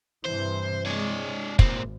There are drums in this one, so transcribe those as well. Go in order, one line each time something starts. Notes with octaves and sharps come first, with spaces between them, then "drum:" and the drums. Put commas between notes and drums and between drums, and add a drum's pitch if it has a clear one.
G2 C3 E3 C5
C3 G#3 D4 C#5
G#1 A#2 C4, drum: kick